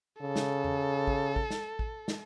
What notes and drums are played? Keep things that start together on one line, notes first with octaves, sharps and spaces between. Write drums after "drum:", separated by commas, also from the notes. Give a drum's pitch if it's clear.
C#3 A4
drum: snare
drum: tom E2
drum: kick A1
drum: kick A1
drum: snare
drum: kick A1
drum: snare